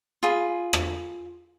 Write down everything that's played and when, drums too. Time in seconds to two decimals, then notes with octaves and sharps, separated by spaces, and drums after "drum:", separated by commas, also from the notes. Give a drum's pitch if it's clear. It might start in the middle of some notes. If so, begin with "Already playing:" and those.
0.23 F4 G#4 B5
0.73 drum: rim click